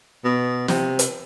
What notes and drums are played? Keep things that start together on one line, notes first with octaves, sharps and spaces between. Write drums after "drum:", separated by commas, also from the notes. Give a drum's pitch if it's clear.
B2
C3, drum: snare
drum: hi-hat